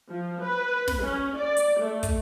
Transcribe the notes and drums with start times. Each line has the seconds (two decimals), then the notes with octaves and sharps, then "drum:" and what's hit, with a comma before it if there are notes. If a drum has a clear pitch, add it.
0.10 F3
0.42 B4
0.88 drum: snare
1.02 C#4
1.37 D5
1.57 drum: hi-hat
1.80 A3
2.03 drum: kick, hi-hat